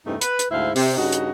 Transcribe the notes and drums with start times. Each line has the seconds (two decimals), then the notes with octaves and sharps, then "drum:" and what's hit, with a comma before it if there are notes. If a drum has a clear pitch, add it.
0.06 E2 G2 C3 A3 D#4
0.21 B4, drum: hi-hat
0.39 drum: hi-hat
0.51 D2 G#2 E4 C5 F5
0.76 C3, drum: open hi-hat
0.97 G2 C#3 D#4 F#4
1.12 drum: hi-hat